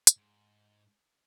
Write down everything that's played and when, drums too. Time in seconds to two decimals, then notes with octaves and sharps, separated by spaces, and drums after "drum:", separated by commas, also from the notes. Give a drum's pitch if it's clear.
0.07 drum: hi-hat
0.17 G#2